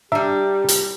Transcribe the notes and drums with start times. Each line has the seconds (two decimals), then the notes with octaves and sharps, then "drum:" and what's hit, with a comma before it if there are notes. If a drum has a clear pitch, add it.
0.12 G3 D4 G4 E5 A#5
0.68 drum: hi-hat